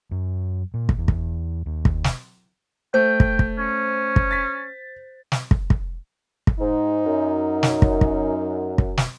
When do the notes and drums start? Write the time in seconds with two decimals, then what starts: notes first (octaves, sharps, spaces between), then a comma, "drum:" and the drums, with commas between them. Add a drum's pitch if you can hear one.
0.11 F#2
0.74 A#2
0.89 drum: kick
0.98 E2
1.08 drum: kick
1.66 D#2
1.85 drum: kick
2.04 drum: snare
2.94 A3 C5 G5 G6
3.20 drum: kick
3.39 drum: kick
3.58 C#4
4.16 drum: kick
4.31 A6 B6
5.32 drum: snare
5.51 drum: kick
5.70 drum: kick
6.47 drum: kick
6.60 G#2 D#4
7.06 F#2
7.63 drum: snare
7.82 drum: kick
8.01 drum: kick
8.78 drum: kick
8.98 drum: snare